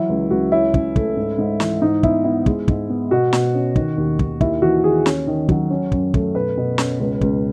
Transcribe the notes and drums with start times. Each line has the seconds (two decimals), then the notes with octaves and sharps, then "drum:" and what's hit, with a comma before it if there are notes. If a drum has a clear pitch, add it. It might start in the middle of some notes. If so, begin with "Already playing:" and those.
Already playing: E3 F#3 E4
0.09 C#2
0.31 C#2 F#4
0.52 C#4 E4
0.74 C#4, drum: kick
0.96 A3, drum: kick
1.17 G#2
1.38 G#2
1.60 E3, drum: snare
1.82 G#2 D#4
2.03 B3 E4, drum: kick
2.24 B3 E4
2.46 G#3, drum: kick
2.68 G#2, drum: kick
2.90 B3
3.11 B2 F#4
3.33 B2, drum: snare
3.55 C#4
3.76 D#3, drum: kick
3.97 D#2
4.19 D#3, drum: kick
4.41 D#2 E4, drum: kick
4.62 E3 F#4
4.84 D#2 G#4
5.06 C#4, drum: snare
5.27 D#3
5.49 F#3, drum: kick
5.70 C#4
5.92 F#2, drum: kick
6.14 A3, drum: kick
6.35 B2 B4
6.57 B2
6.78 C#4, drum: snare
7.00 C#2
7.21 C#2, drum: kick